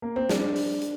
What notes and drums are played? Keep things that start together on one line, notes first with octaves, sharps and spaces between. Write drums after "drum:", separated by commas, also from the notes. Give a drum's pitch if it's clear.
A#3
C4
D4, drum: snare
drum: open hi-hat
drum: hi-hat